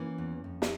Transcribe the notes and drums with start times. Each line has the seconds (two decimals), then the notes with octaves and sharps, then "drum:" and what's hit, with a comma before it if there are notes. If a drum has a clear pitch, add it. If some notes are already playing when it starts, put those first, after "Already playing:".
Already playing: E3 A#3 C#4
0.18 E2
0.44 F2
0.62 drum: snare